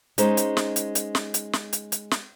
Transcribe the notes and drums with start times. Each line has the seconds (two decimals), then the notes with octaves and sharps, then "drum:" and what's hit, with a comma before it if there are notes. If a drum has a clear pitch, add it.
0.18 G#3 C#4 D#4 C5, drum: hi-hat
0.37 drum: hi-hat
0.57 drum: snare
0.76 drum: hi-hat
0.95 drum: hi-hat
1.15 drum: snare
1.34 drum: hi-hat
1.53 drum: snare
1.73 drum: hi-hat
1.92 drum: hi-hat
2.11 drum: snare